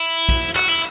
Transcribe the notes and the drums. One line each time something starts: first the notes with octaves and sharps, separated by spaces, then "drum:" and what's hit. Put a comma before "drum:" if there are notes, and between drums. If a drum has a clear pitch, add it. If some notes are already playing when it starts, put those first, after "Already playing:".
Already playing: E4
drum: kick, cymbal
F#4, drum: clap
E4